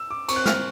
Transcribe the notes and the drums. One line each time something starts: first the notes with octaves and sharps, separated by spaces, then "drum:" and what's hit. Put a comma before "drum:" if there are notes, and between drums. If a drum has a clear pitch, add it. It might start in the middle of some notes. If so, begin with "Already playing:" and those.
Already playing: E6
D6
C4 C#6, drum: cymbal
F#6
F6, drum: snare